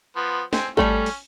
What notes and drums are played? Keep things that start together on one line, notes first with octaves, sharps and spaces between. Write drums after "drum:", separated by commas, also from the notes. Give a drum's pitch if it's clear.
F3 B3
C4 G#5, drum: snare
G3 A3 C#4 A4, drum: kick G#1
drum: open hi-hat